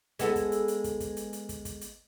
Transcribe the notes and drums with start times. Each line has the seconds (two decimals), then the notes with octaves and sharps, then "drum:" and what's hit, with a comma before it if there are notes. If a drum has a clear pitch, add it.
0.19 G#3 B3 A4, drum: kick, hi-hat
0.36 drum: kick, hi-hat
0.52 drum: hi-hat
0.68 drum: hi-hat
0.84 drum: kick, hi-hat
1.00 drum: kick, hi-hat
1.17 drum: hi-hat
1.33 drum: hi-hat
1.49 drum: kick, hi-hat
1.65 drum: kick, hi-hat
1.81 drum: hi-hat